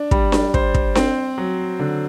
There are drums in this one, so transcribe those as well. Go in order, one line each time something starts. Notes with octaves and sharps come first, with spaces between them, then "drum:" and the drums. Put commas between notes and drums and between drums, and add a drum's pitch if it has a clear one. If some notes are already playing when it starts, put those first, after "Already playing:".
Already playing: D4
G3, drum: kick
drum: snare D4
C5, drum: kick
drum: kick
C4, drum: snare D4
F#3
D3